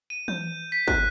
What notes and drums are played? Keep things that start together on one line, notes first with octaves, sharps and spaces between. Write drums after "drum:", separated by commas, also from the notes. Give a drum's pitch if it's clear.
D#7
G6, drum: tom E3
B6
F#6, drum: kick